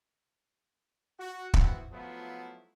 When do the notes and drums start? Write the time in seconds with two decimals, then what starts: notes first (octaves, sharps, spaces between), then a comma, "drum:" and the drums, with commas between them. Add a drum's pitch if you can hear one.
1.18 F#4
1.54 E3 B3 C4 E4 F#4, drum: kick
1.92 F3 F#3 A3 B3 E4 F4